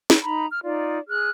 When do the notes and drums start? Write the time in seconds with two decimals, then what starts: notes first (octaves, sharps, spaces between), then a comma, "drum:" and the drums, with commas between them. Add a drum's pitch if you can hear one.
0.10 drum: snare
0.22 D#4 A#5 B5
0.50 F6
0.64 D#4 F4 D5
1.09 G#4 F6 F#6